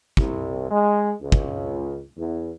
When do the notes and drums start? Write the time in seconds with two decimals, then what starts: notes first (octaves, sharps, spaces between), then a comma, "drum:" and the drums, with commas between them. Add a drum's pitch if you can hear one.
0.17 C2, drum: kick
0.70 G#3
1.22 C#2
1.32 drum: kick
2.17 E2